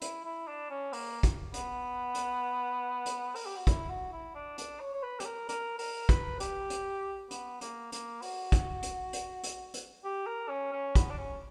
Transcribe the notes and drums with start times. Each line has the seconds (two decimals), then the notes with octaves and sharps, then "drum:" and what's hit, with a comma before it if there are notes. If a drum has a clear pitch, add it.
0.01 E4, drum: hi-hat
0.24 E4
0.47 D4
0.70 C#4
0.93 A#3, drum: open hi-hat
1.23 drum: kick, hi-hat
1.54 B3, drum: hi-hat
2.14 drum: hi-hat
3.06 drum: hi-hat
3.35 A#4, drum: open hi-hat
3.46 G4
3.56 F#4
3.67 E4, drum: kick, hi-hat
3.89 F#4
4.12 E4
4.35 D4
4.58 D4, drum: hi-hat
4.80 C#5
4.93 C#5
5.03 B4
5.20 G4, drum: hi-hat
5.25 A#4
5.49 A#4, drum: hi-hat
5.79 A#4, drum: open hi-hat
6.09 B4, drum: kick, hi-hat
6.40 G4, drum: hi-hat
6.70 drum: hi-hat
7.31 B3, drum: hi-hat
7.61 A#3, drum: hi-hat
7.92 A#3, drum: hi-hat
8.22 F#4, drum: open hi-hat
8.52 drum: kick, hi-hat
8.83 drum: hi-hat
9.13 drum: hi-hat
9.43 drum: hi-hat
9.74 drum: hi-hat
10.04 G4
10.27 A#4
10.49 C#4
10.72 C#4
10.95 B3, drum: kick, hi-hat
11.10 D4
11.18 C#4